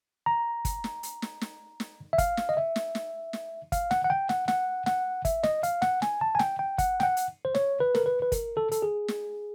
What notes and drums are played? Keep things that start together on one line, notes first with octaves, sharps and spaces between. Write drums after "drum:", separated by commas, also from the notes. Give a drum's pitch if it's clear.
A#5
drum: kick, hi-hat
drum: snare
drum: hi-hat
drum: snare
drum: snare
drum: snare
E5
F5, drum: kick, hi-hat
drum: snare
D#5
E5
drum: snare
drum: snare
drum: snare
F5, drum: kick, hi-hat
F#5, drum: snare
F#5
G5
F#5, drum: snare
F#5, drum: snare
F#5, drum: snare
E5, drum: kick, hi-hat
D#5, drum: snare
F5, drum: hi-hat
F#5, drum: snare
G#5, drum: snare
A5
G#5
G5, drum: snare
G5
F#5, drum: kick, hi-hat
G5, drum: snare
F#5
drum: hi-hat
C5
C#5, drum: snare
B4
A#4, drum: snare
B4
B4
A#4, drum: kick, hi-hat
A4
A4, drum: hi-hat
G#4
drum: snare